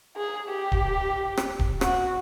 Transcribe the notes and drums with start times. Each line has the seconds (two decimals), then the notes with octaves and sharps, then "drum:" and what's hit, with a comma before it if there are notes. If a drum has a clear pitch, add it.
0.17 G#4
0.49 G4
0.72 drum: kick D1
1.37 drum: rim click
1.59 drum: kick D1
1.81 F#4, drum: rim click